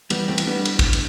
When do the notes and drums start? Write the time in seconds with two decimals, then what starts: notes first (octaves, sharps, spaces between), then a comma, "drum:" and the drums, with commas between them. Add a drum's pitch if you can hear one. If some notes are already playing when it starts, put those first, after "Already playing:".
0.10 E3 G3 B3, drum: cymbal
0.28 E3 A3 C4
0.38 drum: cymbal
0.47 G3 B3 D4
0.65 drum: cymbal
0.79 drum: kick, cymbal
0.93 drum: cymbal